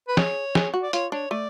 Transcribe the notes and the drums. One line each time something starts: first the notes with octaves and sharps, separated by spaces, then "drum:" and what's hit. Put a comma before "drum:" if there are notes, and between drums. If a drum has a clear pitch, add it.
B4
G#4 C#5, drum: snare
G#4, drum: snare
F#4
D5
F4 C#5, drum: hi-hat
D4 C#5
A3 D5